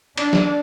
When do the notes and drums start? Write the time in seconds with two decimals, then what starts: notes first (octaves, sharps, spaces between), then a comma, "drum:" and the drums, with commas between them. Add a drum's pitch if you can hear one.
0.18 D4, drum: cymbal
0.33 drum: snare